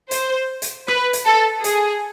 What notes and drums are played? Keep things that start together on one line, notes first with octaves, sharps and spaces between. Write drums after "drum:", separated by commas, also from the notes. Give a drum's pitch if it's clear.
C5, drum: hi-hat
drum: hi-hat
B4, drum: rim click
drum: hi-hat
A4
G#4, drum: hi-hat